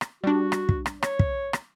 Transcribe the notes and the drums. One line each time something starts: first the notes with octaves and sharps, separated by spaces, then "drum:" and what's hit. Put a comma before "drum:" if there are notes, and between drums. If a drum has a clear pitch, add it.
drum: rim click
G3 D4 F#4
drum: rim click
drum: kick
drum: rim click
C#5, drum: rim click
drum: kick
drum: rim click